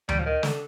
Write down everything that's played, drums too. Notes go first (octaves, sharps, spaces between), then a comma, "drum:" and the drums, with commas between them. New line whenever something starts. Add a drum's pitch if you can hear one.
G3, drum: tom D2
F3
D#3
D3, drum: snare